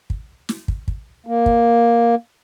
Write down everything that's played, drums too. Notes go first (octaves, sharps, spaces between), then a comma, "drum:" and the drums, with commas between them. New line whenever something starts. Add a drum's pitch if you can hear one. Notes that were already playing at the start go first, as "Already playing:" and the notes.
drum: kick
drum: snare
drum: kick
drum: kick
A#3
drum: kick